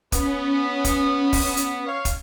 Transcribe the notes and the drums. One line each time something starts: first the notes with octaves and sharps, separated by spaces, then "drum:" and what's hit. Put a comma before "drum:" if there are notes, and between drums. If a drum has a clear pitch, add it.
B3 C#4, drum: kick, hi-hat
drum: kick, hi-hat
drum: kick, open hi-hat
drum: hi-hat
C#5 F5
drum: kick, hi-hat